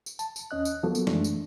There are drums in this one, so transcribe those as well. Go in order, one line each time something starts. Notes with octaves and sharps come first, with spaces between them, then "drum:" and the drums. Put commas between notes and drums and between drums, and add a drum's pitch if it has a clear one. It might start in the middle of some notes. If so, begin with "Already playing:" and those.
drum: tambourine
A5, drum: tambourine
drum: tambourine
D#2 C#4 D#5 F#6
drum: tambourine
F3 F#3 A#3 B3 F#4 A4
drum: tambourine
F#2 E3 G#3 A3 D4, drum: snare
drum: tambourine